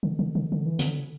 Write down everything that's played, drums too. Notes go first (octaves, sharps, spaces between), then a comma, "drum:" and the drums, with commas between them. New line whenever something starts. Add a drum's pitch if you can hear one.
D3
D3
D3
D3
E3
D3, drum: hi-hat